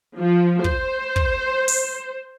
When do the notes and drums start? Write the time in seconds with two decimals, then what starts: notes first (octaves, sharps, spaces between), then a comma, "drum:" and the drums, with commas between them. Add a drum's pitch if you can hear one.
0.18 F3
0.64 C5, drum: kick
1.16 drum: kick
1.68 drum: open hi-hat